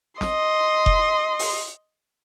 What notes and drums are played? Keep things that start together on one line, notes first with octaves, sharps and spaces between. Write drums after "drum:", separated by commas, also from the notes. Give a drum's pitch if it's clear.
D#5 C6, drum: snare
drum: kick F1
drum: open hi-hat